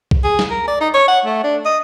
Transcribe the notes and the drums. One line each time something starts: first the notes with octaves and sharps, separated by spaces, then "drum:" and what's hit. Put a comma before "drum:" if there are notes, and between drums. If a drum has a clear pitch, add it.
drum: kick B1
G#4
drum: snare
A#4
D5
D#4
C#5
F#5
A3
D4
D#5